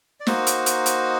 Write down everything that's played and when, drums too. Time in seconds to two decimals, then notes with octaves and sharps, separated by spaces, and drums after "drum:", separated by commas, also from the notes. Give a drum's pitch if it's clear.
0.20 D5
0.27 A#3 D#4 F#4 C5 D#5, drum: snare
0.47 drum: hi-hat
0.66 drum: hi-hat
0.86 drum: hi-hat